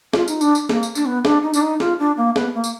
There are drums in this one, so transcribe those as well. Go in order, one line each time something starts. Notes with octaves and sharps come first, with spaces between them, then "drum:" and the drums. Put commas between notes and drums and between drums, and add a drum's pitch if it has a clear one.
F4, drum: snare
D#4, drum: tambourine
D4, drum: tambourine
drum: tambourine
A#3, drum: snare
drum: tambourine
D4, drum: tambourine
B3
D4, drum: snare
D#4
D4, drum: tambourine
D#4
F4, drum: snare
D4
A#3
B3, drum: snare
A#3
drum: tambourine